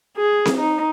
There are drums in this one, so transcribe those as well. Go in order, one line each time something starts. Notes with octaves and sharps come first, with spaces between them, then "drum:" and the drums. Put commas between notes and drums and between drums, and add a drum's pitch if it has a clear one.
G#4
drum: snare C4
D#4